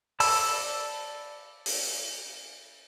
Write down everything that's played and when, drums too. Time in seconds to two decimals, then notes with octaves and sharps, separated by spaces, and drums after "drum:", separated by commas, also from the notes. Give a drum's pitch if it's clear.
0.20 D5 A5 B5 E6, drum: open hi-hat
1.66 drum: open hi-hat